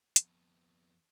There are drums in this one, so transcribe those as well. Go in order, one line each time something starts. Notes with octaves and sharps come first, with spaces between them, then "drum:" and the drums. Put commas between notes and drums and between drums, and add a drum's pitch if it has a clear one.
F2 B3, drum: hi-hat